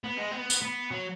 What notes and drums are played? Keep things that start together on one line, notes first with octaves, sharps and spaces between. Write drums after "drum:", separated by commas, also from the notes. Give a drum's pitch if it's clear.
B3
G#3
B3
drum: tambourine
B3
F#3